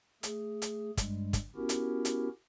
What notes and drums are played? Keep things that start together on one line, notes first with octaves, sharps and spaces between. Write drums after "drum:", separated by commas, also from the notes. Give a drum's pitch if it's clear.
A3 G#4, drum: hi-hat
drum: hi-hat
G2 G3 G#3, drum: kick, hi-hat
drum: kick, hi-hat
B3 C#4 E4 F#4 G4 A#4
drum: hi-hat
drum: hi-hat